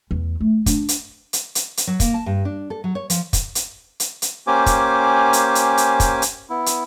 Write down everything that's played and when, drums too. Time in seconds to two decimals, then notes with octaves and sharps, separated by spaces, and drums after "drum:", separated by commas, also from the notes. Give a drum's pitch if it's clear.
0.11 E2
0.40 A3
0.66 D4, drum: kick, hi-hat
0.89 drum: hi-hat
1.33 drum: hi-hat
1.55 drum: hi-hat
1.77 drum: hi-hat
1.87 F#3
2.00 A#3, drum: kick, hi-hat
2.14 A5
2.26 G2
2.45 D4
2.70 A4
2.84 F#3
2.95 C#5
3.10 F3, drum: hi-hat
3.33 drum: kick, hi-hat
3.55 drum: hi-hat
4.00 drum: hi-hat
4.22 drum: hi-hat
4.47 A#3 C#4 G4 C5 G#5 D6
4.66 drum: kick, hi-hat
5.33 drum: hi-hat
5.55 drum: hi-hat
5.77 drum: hi-hat
6.00 drum: kick, hi-hat
6.22 drum: hi-hat
6.50 B3 E4
6.66 drum: hi-hat